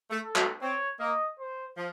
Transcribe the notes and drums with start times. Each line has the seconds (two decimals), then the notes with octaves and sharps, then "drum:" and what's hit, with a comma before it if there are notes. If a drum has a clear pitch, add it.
0.10 A3
0.23 A4
0.36 F#3, drum: clap
0.62 C4 C#5
1.00 A#3 D#5
1.39 C5
1.77 F3